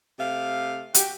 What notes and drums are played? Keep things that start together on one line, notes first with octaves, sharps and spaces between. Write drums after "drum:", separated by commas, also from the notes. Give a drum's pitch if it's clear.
C3 A3 F5
F#4 G4, drum: hi-hat